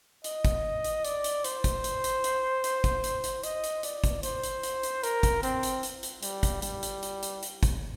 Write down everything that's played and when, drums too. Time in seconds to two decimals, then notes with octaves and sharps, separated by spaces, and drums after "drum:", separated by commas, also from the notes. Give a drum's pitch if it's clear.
0.24 D#5, drum: hi-hat
0.45 drum: kick, hi-hat
0.84 drum: hi-hat
1.05 D5, drum: hi-hat
1.24 drum: hi-hat
1.44 C5, drum: hi-hat
1.64 drum: kick, hi-hat
1.84 drum: hi-hat
2.04 drum: hi-hat
2.24 drum: hi-hat
2.64 drum: hi-hat
2.84 drum: kick, hi-hat
3.04 drum: hi-hat
3.24 drum: hi-hat
3.43 D#5, drum: hi-hat
3.64 drum: hi-hat
3.83 D5, drum: hi-hat
4.04 drum: kick, hi-hat
4.23 C5, drum: hi-hat
4.43 drum: hi-hat
4.63 drum: hi-hat
4.83 drum: hi-hat
5.04 A#4, drum: hi-hat
5.23 drum: kick, hi-hat
5.43 C4, drum: hi-hat
5.63 drum: hi-hat
5.83 drum: hi-hat
6.03 drum: hi-hat
6.23 G3, drum: hi-hat
6.43 drum: kick, hi-hat
6.62 G3, drum: hi-hat
6.83 drum: hi-hat
7.03 drum: hi-hat
7.23 drum: hi-hat
7.43 drum: hi-hat
7.63 drum: kick, hi-hat